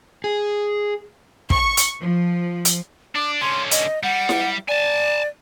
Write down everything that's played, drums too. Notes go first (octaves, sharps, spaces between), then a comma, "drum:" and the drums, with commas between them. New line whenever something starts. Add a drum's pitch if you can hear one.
G#4
C#6, drum: kick
drum: hi-hat
F3
drum: hi-hat
D4 D6
D3 C#4 C6
D#5, drum: hi-hat
G3 F#5
drum: snare E4
D5 G#5 A5